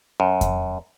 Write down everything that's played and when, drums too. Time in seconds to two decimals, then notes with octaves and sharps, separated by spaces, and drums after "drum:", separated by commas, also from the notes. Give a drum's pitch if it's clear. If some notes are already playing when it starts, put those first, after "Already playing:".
0.20 F#2
0.41 drum: kick F2, hi-hat